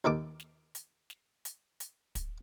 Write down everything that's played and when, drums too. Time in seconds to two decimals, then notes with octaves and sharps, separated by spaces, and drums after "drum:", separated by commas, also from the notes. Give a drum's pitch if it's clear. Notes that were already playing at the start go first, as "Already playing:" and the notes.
0.04 D#2 D#3 A4 D6
0.40 drum: snare
0.75 drum: hi-hat
1.10 drum: snare
1.45 drum: hi-hat
1.80 drum: hi-hat
2.15 drum: kick, hi-hat